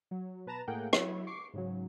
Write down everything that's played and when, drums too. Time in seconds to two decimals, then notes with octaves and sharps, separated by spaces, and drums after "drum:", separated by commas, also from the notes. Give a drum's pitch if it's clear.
0.11 F#3
0.46 B2 B4 A5 A#5 E7
0.67 A2 A#3 G#4 A#4 F#5 G5
0.93 F#3 E4 C#5, drum: rim click
1.27 C#6 D6 C7
1.54 G#2 C#3 F#3